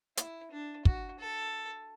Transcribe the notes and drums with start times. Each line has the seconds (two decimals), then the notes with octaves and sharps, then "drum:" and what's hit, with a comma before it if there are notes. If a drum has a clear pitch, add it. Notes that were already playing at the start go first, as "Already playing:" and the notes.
0.17 E4, drum: hi-hat
0.51 D4
0.85 F#4, drum: kick
1.19 A4